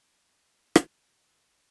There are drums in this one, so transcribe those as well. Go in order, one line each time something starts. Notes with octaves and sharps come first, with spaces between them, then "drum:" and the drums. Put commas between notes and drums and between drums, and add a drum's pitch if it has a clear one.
A#2 D3 D#4 G4 G#5 A5 B5
drum: rim click